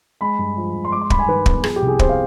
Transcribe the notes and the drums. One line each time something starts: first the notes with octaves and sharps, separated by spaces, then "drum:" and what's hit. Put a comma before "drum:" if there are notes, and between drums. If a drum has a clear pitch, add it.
G#3 B5
G2
F3
G2
C6
G#3 D6
C6
G2 B5, drum: kick
G#5
D#3 B4
B3, drum: kick
F3 G#4, drum: rim click
G4
C2
G#4
C3 C5, drum: kick
F5